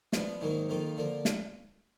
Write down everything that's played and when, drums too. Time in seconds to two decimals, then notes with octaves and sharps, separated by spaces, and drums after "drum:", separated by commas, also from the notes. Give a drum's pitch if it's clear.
0.13 F3 B3 D4, drum: snare
0.41 G#2 D#3 F#3 A#3
0.69 F2 D#3 A#3 F4
0.97 D3 F3 A#3
1.25 drum: snare